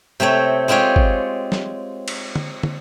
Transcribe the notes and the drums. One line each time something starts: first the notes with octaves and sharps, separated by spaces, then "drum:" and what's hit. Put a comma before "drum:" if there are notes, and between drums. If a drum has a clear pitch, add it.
C3 A3 C4 C#5
G#3 C4 F4 G4 C#5
drum: kick
drum: snare
drum: cymbal
drum: tom
drum: tom